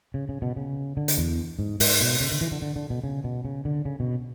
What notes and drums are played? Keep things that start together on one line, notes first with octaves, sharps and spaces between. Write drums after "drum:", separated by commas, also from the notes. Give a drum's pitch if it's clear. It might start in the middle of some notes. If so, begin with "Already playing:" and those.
C#3
C#3
B2
C#3
D3
drum: hi-hat
E2
G#2
G#2, drum: open hi-hat
B2
C#3
D3
E3
D3
D3
D3
B2
C#3
B2
C#3
D3
C#3
B2